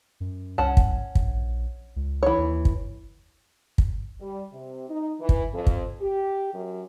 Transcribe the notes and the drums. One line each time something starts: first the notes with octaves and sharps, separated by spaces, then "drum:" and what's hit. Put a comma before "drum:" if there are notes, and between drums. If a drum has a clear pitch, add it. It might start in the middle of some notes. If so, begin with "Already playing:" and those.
F#2
C2 C#4 F#5 A5
drum: kick
A#1, drum: kick
C#2
E3 C#5
D#2
drum: kick
drum: kick
G3
C3
D#4
E3
drum: kick
F2
drum: kick
G4
F#2